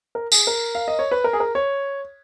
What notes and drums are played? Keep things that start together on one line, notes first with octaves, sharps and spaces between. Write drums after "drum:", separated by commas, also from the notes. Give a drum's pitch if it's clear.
A#4
G#4, drum: tambourine
A#4
F5
D#5
C#5
B4
A#4
G#4
A#4
C#5